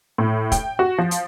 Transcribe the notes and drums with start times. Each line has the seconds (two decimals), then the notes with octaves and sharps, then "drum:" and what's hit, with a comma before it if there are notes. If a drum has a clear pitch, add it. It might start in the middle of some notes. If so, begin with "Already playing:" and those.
0.18 A2
0.52 G5, drum: kick, hi-hat
0.79 F#4
0.98 F3
1.11 drum: hi-hat